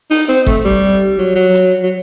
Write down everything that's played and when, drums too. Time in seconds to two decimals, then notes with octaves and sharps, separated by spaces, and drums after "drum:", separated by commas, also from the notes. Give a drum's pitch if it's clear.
0.11 D#4, drum: open hi-hat
0.29 C4
0.46 A3, drum: kick G1
0.65 G3
1.18 F#3
1.35 F#3
1.54 drum: hi-hat
1.83 F#3